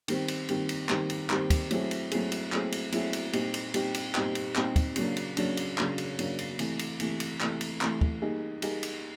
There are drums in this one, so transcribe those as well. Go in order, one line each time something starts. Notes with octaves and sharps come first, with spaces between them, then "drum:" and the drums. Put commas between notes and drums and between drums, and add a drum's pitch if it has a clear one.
D#3 G3 C4, drum: cymbal
drum: cymbal
D#3 G3 C4, drum: cymbal
drum: cymbal
D#3 G3 C4, drum: clap
drum: cymbal
D#3 G3 C4, drum: clap
drum: kick, cymbal
F#3 A3 C4 E4 G#4, drum: cymbal
drum: cymbal
F#3 A3 C4 E4 G#4, drum: cymbal
drum: cymbal
F#3 A3 C4 E4 G#4, drum: clap
drum: cymbal
F#3 A3 C4 E4 G#4, drum: cymbal
drum: cymbal
A#2 G3 C4 D#4 G4, drum: cymbal
drum: cymbal
A#2 G3 C4 D#4 G4, drum: cymbal
drum: cymbal
A#2 G3 C4 D#4 G4, drum: clap
drum: cymbal
A#2 G3 C4 D#4 G4, drum: clap
drum: kick, cymbal
C#3 F#3 A#3 D4, drum: cymbal
drum: cymbal
C#3 F#3 A#3 D4, drum: cymbal
drum: cymbal
C#3 F#3 A#3 D4, drum: clap
drum: cymbal
C#3 F#3 A#3 D4, drum: cymbal
drum: cymbal
C3 E3 A3, drum: cymbal
drum: cymbal
C3 E3 A3, drum: cymbal
drum: cymbal
C3 E3 A3, drum: clap
drum: cymbal
C3 E3 A3, drum: clap
drum: kick
G3 A#3 D#4 G#4
G3 A#3 D#4 G#4, drum: cymbal
drum: cymbal